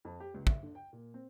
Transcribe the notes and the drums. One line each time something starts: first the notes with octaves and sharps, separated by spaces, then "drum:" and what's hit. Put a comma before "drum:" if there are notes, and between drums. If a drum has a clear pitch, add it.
F2
G4
C#2
E5, drum: kick
D3
G5
A#2
C4